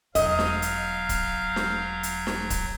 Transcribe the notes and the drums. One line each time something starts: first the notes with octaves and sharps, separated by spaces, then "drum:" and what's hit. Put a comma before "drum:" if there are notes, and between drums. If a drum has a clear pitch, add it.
E1 F#3 D#5 F5 G6, drum: hi-hat
drum: snare
drum: hi-hat
drum: kick C#1, hi-hat
drum: snare
drum: hi-hat
drum: snare
drum: kick C#1, hi-hat